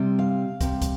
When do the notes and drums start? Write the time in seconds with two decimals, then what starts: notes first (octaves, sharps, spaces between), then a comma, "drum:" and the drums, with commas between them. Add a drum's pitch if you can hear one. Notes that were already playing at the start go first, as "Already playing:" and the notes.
Already playing: C3 G3 C4
0.19 F5
0.61 C3 G3 C4, drum: kick, hi-hat
0.82 drum: kick, hi-hat